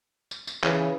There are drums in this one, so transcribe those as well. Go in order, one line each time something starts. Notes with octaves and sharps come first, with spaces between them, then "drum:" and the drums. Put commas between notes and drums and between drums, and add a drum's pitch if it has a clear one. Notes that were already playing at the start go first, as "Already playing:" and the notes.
drum: tambourine
drum: tambourine
C#3 E3, drum: clap